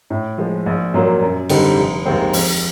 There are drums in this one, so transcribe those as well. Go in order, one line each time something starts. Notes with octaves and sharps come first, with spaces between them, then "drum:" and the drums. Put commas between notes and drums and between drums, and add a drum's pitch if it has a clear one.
A2
F3 G#3
A#1
A#2 F#3 A#3
F#2
D3 G3 C4 D#4, drum: cymbal
F1
D#2 D#3 G#3 C4
F2, drum: open hi-hat